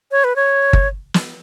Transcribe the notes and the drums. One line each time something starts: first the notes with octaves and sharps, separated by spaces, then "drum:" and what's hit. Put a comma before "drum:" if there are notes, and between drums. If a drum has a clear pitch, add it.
C#5
B4
C#5
drum: kick G1
drum: snare